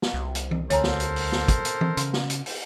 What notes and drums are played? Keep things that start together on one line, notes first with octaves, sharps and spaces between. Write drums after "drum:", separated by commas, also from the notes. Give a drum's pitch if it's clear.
drum: snare
C2
drum: hi-hat
drum: tom E3
D2 A4 A#4 C5 C#5 G#5 A#5, drum: hi-hat
drum: snare
drum: hi-hat
drum: open hi-hat
drum: snare
drum: kick, hi-hat
drum: hi-hat
drum: tom E3
C#3 C6, drum: hi-hat
drum: snare
drum: hi-hat
drum: open hi-hat